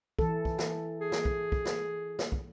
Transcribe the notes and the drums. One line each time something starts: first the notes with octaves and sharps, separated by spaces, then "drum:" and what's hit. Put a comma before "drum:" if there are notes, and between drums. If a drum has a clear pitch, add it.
E3 A4, drum: kick
drum: kick
drum: snare
G#4
drum: snare
drum: kick
drum: kick
drum: snare
drum: snare
drum: kick